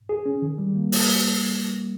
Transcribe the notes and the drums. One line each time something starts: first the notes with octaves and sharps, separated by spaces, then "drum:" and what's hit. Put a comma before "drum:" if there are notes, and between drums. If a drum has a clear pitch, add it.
G#4
C#4
D#3
G3
A#3
A#3, drum: open hi-hat